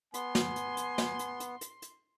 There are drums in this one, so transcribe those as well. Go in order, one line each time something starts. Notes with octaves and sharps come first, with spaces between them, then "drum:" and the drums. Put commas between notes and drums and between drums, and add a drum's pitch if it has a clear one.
B3 G#5 C6, drum: hi-hat
drum: snare
drum: hi-hat
drum: hi-hat
drum: snare
drum: hi-hat
drum: hi-hat
drum: hi-hat
drum: hi-hat